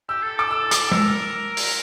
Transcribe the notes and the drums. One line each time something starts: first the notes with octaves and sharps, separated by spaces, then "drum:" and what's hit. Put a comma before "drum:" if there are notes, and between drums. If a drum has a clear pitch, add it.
G4 E6
A4
A4 D6
E6
D6, drum: hi-hat
A#4 E6, drum: tom G#3
drum: open hi-hat